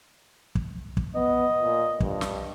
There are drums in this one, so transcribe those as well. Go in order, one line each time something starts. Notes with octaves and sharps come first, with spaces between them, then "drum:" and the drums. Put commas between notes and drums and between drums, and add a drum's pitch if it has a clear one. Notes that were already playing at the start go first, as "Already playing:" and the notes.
drum: kick
drum: kick
B3 D#5
A#2
G2, drum: kick
drum: snare